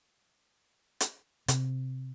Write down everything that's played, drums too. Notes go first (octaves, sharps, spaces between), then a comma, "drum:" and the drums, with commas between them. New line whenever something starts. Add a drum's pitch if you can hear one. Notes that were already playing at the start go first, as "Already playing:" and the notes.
drum: hi-hat
C3, drum: hi-hat